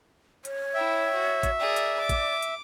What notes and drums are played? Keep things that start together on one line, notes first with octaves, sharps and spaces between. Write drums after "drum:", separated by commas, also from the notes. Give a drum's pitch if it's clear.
C#5, drum: hi-hat
E4 E5 G5
F#4
drum: kick, hi-hat
G#4 A#4 D5
drum: hi-hat
D6
drum: kick, hi-hat
drum: hi-hat